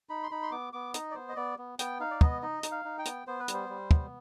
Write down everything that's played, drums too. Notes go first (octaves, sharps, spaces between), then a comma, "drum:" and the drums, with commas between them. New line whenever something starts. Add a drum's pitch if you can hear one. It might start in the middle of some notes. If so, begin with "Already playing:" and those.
D#4 B5
C6
D#4 B5
C6
B3 D6
B3 D6
D#4 D#5, drum: hi-hat
D5
B3 C5
D#5
B3 D5
B3
B3 G5, drum: hi-hat
D#4 F5
D5
B3 D#5, drum: kick
D#4 D#5
D#4, drum: hi-hat
F5
D#4
G5
B3, drum: hi-hat
B3 C5
B4
G3, drum: hi-hat
C5
G3
B3, drum: kick